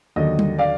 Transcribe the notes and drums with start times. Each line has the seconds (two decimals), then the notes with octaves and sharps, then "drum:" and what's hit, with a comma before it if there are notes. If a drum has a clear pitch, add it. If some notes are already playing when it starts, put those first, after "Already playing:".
0.16 D#2 D3 F#3 D#5
0.39 drum: tom G3
0.59 D5 F5